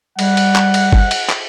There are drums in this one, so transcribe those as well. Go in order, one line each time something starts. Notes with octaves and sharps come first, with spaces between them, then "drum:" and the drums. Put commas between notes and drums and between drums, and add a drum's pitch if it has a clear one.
G3 F#5, drum: cymbal
drum: cymbal
drum: clap
drum: cymbal
drum: kick G1
drum: cymbal
drum: clap